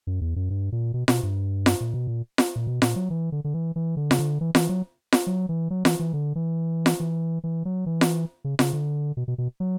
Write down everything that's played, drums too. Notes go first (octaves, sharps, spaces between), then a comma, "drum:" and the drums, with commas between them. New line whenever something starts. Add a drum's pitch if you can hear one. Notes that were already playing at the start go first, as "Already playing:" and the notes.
F#2
E2
F#2
G2
A#2
B2
B2, drum: snare F4
G2
drum: snare F4
A#2
B2
A#2
drum: snare F4
A#2
B2
A#2, drum: snare F4
F#3
E3
D3
D3
E3
E3
D3
C#3, drum: snare F4
D3
E3
E3, drum: snare F4
F#3
drum: snare F4
F#3
E3
F#3
E3, drum: snare F4
E3
D3
E3
drum: snare F4
E3
E3
F#3
E3
drum: snare F4
C#3
C#3, drum: snare F4
D3
B2
B2
B2
F#3